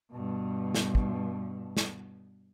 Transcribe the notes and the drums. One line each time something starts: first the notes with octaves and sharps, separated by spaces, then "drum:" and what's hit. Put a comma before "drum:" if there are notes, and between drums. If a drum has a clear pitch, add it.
G2 B2
drum: snare
drum: kick
drum: snare